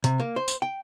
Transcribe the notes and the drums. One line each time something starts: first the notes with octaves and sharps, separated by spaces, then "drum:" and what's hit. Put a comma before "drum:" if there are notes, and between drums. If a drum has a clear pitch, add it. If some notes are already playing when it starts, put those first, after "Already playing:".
C3, drum: hi-hat
A#3
C5
drum: tambourine
G5